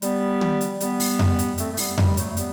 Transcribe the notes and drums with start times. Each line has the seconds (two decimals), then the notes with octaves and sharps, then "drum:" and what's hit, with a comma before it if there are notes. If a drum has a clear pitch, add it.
0.02 G3 B3, drum: hi-hat
0.41 drum: tom
0.61 drum: hi-hat
0.80 G3 B3, drum: hi-hat
1.00 drum: open hi-hat
1.19 drum: tom F2
1.39 drum: hi-hat
1.58 A3 C4, drum: hi-hat
1.71 A3
1.77 G3 B3, drum: open hi-hat
1.98 G3, drum: tom F2
2.17 F#3 A3, drum: hi-hat
2.28 A3
2.37 G3 B3, drum: hi-hat